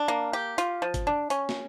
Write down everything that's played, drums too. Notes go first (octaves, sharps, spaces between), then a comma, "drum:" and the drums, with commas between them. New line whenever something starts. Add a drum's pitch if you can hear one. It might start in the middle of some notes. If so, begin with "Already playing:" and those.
Already playing: D4
A#3
G4
F4, drum: hi-hat
F3
drum: kick G1, hi-hat
D4
C#4, drum: hi-hat
drum: snare